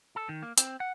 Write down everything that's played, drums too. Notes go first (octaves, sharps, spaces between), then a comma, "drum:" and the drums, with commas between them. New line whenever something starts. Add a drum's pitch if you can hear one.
A4
D#3
A#3
C4, drum: hi-hat
F#5